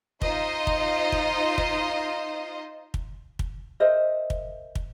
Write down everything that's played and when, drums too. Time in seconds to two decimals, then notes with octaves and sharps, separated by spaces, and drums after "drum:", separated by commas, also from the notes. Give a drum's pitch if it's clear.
0.22 D#4 F4 C5 D#5, drum: kick
0.67 drum: kick
1.12 drum: kick
1.58 drum: kick
2.94 drum: kick
3.39 drum: kick
3.80 A#4 C5 D#5 E5
4.30 drum: kick
4.75 drum: kick